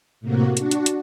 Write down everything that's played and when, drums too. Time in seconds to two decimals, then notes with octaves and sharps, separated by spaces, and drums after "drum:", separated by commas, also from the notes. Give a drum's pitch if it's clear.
0.21 A2 C3 A#3 F#4
0.57 D4 F#4, drum: hi-hat
0.71 drum: hi-hat
0.86 drum: hi-hat